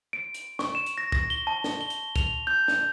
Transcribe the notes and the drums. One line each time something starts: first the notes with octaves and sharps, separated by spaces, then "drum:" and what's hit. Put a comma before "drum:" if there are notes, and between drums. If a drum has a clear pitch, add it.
D7
drum: hi-hat
C#6, drum: snare
E7
drum: hi-hat
A#6
A#6, drum: kick
G7
A5
drum: snare
G7
drum: hi-hat
F7, drum: kick, hi-hat
G6
drum: snare